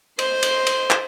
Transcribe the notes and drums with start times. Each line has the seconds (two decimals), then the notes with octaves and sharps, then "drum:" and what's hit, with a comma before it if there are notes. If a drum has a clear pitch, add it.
0.19 C5 C6, drum: cymbal
0.43 drum: cymbal
0.67 drum: cymbal
0.90 drum: clap